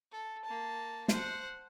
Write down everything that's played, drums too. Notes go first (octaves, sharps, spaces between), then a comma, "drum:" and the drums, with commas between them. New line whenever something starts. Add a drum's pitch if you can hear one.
A4
A#3 A5
C5 F#5, drum: snare